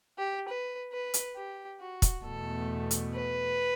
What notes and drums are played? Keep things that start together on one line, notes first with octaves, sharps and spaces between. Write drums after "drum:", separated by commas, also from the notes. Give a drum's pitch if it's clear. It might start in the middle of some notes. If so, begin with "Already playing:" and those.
G4
B4
B4
drum: hi-hat
G4
F#4
drum: kick, hi-hat
E2 B2 A3 A4
drum: hi-hat
B4